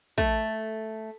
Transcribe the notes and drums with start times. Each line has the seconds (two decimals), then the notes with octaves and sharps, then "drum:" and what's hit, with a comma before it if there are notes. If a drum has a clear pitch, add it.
0.18 A3, drum: kick